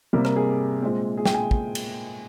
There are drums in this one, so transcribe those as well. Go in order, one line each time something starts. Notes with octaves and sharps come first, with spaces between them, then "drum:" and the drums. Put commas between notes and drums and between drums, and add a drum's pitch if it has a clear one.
C3 G3 A#3 A#4
A#4, drum: rim click
G#4
A#2 G#3 C4
G#4
G5, drum: snare
G#5
drum: kick
drum: cymbal